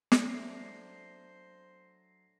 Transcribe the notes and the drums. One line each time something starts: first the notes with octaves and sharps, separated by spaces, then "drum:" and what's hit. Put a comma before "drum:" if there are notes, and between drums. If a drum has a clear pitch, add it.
drum: snare
F#3 A3 D4 C5 A#6 C7